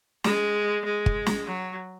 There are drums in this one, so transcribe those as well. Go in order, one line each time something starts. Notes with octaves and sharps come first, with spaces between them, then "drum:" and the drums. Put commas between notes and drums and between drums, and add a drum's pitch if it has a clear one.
G#3, drum: snare
G#3
drum: kick
drum: snare
F#3